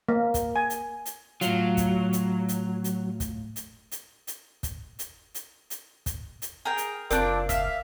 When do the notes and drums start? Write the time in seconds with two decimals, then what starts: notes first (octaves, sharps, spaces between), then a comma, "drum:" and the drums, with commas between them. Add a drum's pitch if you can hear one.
0.09 A#3
0.34 drum: kick, hi-hat
0.56 G#5
0.70 drum: hi-hat
1.06 drum: hi-hat
1.41 A2 F#3 F4, drum: hi-hat
1.77 drum: kick, hi-hat
2.13 drum: hi-hat
2.49 drum: hi-hat
2.84 drum: hi-hat
3.20 drum: kick, hi-hat
3.56 drum: hi-hat
3.92 drum: hi-hat
4.27 drum: hi-hat
4.63 drum: kick, hi-hat
4.99 drum: hi-hat
5.35 drum: hi-hat
5.70 drum: hi-hat
6.06 drum: kick, hi-hat
6.42 drum: hi-hat
6.65 G#4 A#4 G5
6.78 drum: hi-hat
7.11 F#1 C4 D4 F4 A#4 D5 D6 F#6, drum: hi-hat
7.49 E5 F5, drum: kick, hi-hat